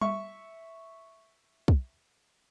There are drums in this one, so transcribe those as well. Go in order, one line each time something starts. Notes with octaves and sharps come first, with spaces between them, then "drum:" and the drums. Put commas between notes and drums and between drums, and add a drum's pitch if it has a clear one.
E5 C#6, drum: tom G3
drum: kick